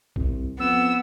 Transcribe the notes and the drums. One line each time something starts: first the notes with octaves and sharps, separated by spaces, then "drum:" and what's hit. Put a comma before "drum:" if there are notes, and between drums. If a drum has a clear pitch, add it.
C2, drum: kick A#1
F2 B3 E6